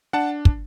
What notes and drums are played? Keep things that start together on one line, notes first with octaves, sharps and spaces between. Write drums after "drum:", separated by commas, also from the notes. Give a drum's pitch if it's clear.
D4 F#5 A5
drum: kick